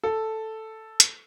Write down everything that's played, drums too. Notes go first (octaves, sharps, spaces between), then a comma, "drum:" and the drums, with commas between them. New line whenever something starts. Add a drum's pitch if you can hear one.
A4
drum: hi-hat